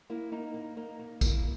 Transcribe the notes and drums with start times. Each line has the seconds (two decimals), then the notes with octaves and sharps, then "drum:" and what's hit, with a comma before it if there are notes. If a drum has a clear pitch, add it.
0.10 A#3 E4
0.32 A#3 D#4
0.54 A#3
0.77 A#3 D#4
0.99 A#3
1.21 A#3 E4, drum: kick A#1, tambourine